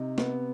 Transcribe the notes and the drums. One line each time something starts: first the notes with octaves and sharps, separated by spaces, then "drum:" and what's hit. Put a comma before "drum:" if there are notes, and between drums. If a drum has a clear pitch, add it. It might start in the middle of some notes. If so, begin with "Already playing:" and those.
Already playing: C3 D#4
B3, drum: snare A#3